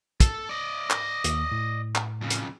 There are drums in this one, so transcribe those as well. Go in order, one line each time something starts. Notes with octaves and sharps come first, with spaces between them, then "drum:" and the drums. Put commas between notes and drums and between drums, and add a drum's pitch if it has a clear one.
A4, drum: kick, hi-hat
D5 D#5
drum: clap
D#2, drum: hi-hat
A2
drum: clap
F2 C#3
drum: hi-hat